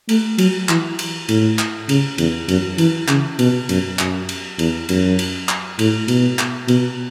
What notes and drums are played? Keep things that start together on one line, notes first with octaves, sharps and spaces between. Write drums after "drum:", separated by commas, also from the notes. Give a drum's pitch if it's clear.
A3, drum: cymbal
F#3, drum: cymbal
E3, drum: clap
drum: cymbal
A2, drum: cymbal
drum: clap
C#3, drum: cymbal
E2, drum: cymbal
F#2, drum: cymbal
E3, drum: cymbal
C#3, drum: clap
B2, drum: cymbal
F#2, drum: cymbal
F#2, drum: clap
drum: cymbal
E2, drum: cymbal
F#2, drum: cymbal
drum: cymbal
drum: clap
A2, drum: cymbal
B2, drum: cymbal
drum: clap
B2, drum: cymbal